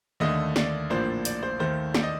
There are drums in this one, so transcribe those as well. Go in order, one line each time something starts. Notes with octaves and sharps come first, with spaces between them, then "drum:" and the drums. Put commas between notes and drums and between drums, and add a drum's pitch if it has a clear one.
D#2 D3 A3 D4 D#5
D5, drum: snare
A#1 A2 F3 A#3 D4 C5
D5, drum: hi-hat
C5
D#2 D#3 A3 C5
D5, drum: snare
D#5